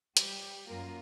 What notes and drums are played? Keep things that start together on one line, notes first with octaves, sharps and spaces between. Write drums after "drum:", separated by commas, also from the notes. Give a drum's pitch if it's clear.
G3 G4, drum: hi-hat
F#2 A#3 F4 A#4